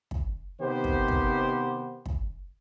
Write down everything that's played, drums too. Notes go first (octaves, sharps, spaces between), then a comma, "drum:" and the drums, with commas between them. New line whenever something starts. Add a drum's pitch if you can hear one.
drum: kick
C3 D#3 B3 G4 C5
drum: kick
drum: kick
drum: kick